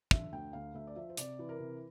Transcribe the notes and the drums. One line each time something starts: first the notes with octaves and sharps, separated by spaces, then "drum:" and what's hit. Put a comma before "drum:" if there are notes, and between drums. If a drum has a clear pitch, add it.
D3 E5, drum: kick
D2 G5
D2 F5
D2 E5
D5
F3 E5
C5
C3 D5, drum: hi-hat
E3
A#4
C3